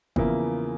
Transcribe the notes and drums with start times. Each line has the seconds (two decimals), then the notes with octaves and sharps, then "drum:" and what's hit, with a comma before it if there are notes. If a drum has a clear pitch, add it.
0.16 E2 C#3 F3 A#3 E4, drum: kick